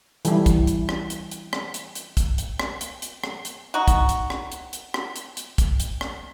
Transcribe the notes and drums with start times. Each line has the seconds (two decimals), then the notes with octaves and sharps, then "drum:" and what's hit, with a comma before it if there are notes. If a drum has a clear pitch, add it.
0.25 E3 G3 E4, drum: hi-hat
0.46 drum: kick, hi-hat
0.67 drum: hi-hat
0.89 drum: rim click
1.10 drum: hi-hat
1.31 drum: hi-hat
1.53 drum: rim click
1.74 drum: hi-hat
1.95 drum: hi-hat
2.17 drum: kick, hi-hat
2.38 drum: hi-hat
2.60 drum: rim click
2.81 drum: hi-hat
3.02 drum: hi-hat
3.24 drum: rim click
3.45 drum: hi-hat
3.74 D#4 F#4
3.88 drum: kick, hi-hat
4.09 drum: hi-hat
4.30 drum: rim click
4.52 drum: hi-hat
4.73 drum: hi-hat
4.94 drum: rim click
5.16 drum: hi-hat
5.37 drum: hi-hat
5.58 drum: kick, hi-hat
5.80 drum: hi-hat
6.01 drum: rim click